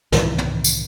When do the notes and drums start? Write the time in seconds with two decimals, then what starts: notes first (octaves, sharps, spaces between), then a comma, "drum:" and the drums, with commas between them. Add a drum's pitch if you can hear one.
0.12 C2 A2 D#3 E3, drum: snare
0.38 drum: tom
0.64 drum: tambourine